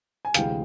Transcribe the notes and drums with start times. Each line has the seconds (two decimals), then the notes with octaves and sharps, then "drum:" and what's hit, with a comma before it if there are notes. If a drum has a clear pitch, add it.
0.25 G#5
0.34 D2 C3 E3 G#3 F5 G5, drum: hi-hat